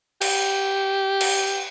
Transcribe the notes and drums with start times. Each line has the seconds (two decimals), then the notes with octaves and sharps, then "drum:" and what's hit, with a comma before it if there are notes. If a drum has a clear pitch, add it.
0.21 G4, drum: cymbal
1.21 drum: cymbal